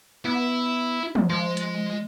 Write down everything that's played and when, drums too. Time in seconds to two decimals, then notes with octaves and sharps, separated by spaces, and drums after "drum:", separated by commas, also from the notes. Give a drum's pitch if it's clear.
0.25 B3 E4
1.15 drum: tom
1.30 F3 G#3 C6
1.57 drum: hi-hat